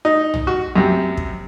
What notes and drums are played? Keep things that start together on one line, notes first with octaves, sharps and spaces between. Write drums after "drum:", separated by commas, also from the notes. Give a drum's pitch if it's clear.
D#4
drum: tom
F#4
F#2 C3
drum: kick